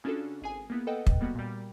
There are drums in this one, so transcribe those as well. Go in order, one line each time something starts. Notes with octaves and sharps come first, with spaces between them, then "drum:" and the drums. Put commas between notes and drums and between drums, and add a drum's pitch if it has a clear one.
C#3 C#4 D4 F4 F#4 A4
G#1 G#4 G#5
A#3 B3 E4
A4 B4 D#5 F#5 G5
drum: kick
G3 A#3 B3 F#4
A#2 G3